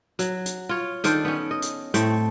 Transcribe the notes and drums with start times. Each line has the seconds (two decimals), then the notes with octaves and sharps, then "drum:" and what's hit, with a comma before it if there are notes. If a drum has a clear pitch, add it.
0.19 F#3, drum: hi-hat
0.46 drum: hi-hat
0.69 F4 C#5
1.04 D#3 D4 A4 C5, drum: hi-hat
1.25 B3 C#4
1.51 D#5
1.62 drum: hi-hat
1.94 A2 A3 C4, drum: hi-hat